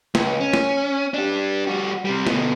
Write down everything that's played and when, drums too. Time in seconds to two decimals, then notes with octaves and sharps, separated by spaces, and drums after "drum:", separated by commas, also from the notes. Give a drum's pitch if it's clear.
0.15 C#2, drum: snare
0.40 C#4
0.53 drum: snare
1.14 D4 G4
1.67 G3 F#4
2.05 C3 G3
2.27 D2 B2, drum: snare